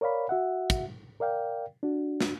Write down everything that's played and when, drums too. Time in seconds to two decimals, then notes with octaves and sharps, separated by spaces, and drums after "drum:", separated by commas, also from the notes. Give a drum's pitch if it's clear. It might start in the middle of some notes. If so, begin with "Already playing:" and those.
0.01 A#4 C#5 D5 F5 B5
0.29 F#4 E5 F#5
0.70 drum: kick, hi-hat
1.20 A#4 D5 F5 G5
1.83 D4 F#4
2.21 drum: snare